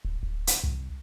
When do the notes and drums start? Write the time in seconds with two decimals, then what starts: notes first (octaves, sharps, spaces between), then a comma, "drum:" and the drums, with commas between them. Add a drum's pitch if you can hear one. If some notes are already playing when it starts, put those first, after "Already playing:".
0.05 D1
0.23 D1
0.47 drum: hi-hat
0.64 C2